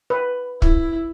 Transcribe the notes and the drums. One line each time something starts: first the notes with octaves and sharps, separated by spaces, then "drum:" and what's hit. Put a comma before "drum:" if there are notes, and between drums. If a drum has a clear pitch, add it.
B4
E4, drum: kick